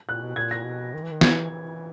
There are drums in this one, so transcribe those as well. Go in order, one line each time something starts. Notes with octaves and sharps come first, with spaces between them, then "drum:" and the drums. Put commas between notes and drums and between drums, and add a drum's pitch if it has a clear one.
A#2 F#6
B2
A#2 G#6
A#6
B2
D#3
E3
D#3
E3 G#6, drum: snare
E3